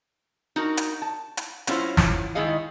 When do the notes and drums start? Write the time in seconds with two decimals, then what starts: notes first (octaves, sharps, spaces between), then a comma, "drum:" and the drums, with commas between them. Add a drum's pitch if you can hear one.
0.56 D#4 F#4 A#4
0.77 drum: hi-hat
1.02 A5
1.37 drum: hi-hat
1.67 F#3 C#4 E4 F4 C5, drum: hi-hat
1.97 drum: snare
2.35 D#3 G#3 E4 G#4 D#5 F5